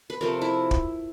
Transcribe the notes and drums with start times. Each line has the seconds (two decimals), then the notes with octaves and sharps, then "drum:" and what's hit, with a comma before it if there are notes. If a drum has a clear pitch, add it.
0.10 B4
0.21 C3 F3 A3 A#4
0.42 E4
0.71 drum: kick